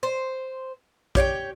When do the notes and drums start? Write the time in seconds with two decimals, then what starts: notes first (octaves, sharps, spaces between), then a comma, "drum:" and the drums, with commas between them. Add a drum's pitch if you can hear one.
0.03 C5
1.15 G4 C#5 F5 G5, drum: kick A#1